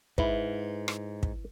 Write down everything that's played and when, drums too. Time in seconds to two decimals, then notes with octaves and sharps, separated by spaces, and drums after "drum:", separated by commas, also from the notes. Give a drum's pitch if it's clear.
0.18 G#2 E4 B4, drum: kick
0.88 drum: rim click
1.23 drum: kick